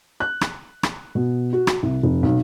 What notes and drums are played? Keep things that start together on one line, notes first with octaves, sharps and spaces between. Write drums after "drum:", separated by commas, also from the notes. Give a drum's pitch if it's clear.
F#6
drum: rim click
drum: rim click
B2
F#4
drum: rim click
C2
F1
B1